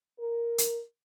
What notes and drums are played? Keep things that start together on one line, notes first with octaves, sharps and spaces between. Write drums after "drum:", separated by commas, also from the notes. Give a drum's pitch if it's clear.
A#4
drum: hi-hat